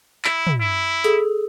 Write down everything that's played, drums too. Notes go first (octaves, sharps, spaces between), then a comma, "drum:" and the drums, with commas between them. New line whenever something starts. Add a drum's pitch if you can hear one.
E4, drum: clap
drum: tom
E4
G#4 A4, drum: hi-hat